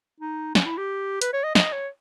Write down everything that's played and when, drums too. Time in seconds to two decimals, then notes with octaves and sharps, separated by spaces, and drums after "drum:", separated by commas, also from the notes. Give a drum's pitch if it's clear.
0.21 D#4
0.55 C#4, drum: snare
0.65 E4
0.78 G4
1.22 B4, drum: hi-hat
1.33 C#5
1.44 D#5
1.55 D#5, drum: snare
1.73 C#5